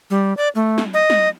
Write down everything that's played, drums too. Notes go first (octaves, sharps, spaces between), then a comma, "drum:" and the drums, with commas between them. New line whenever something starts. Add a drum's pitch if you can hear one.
G3
D5
A3
drum: snare
D#5
drum: snare